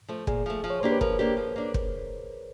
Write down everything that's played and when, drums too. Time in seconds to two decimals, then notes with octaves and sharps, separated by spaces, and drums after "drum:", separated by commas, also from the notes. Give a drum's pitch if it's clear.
0.08 F3 A3
0.27 A#2 G#4, drum: kick
0.46 F3 A3
0.64 F3
0.70 C#5
0.80 A#3 D4 G4 C5
0.91 B4
1.01 F3 A#4, drum: kick
1.19 A#3 D4 G4
1.37 F3
1.56 A#3 D4
1.74 drum: kick